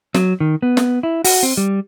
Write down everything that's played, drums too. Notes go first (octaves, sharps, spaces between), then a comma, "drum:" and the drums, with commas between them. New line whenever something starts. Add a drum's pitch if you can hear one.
F#3, drum: snare
D#3
B3
drum: snare
E4
F#4, drum: open hi-hat
C4
G3